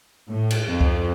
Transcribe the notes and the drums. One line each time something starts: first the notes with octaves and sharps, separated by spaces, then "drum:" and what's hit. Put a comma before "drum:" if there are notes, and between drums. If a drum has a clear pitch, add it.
A2
drum: cymbal
F2
drum: kick C#2